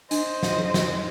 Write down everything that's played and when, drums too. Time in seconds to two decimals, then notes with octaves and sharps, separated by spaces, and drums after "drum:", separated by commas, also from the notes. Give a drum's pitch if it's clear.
0.11 D4 C5 D#5, drum: hi-hat
0.43 drum: snare
0.58 drum: tom F3
0.74 drum: snare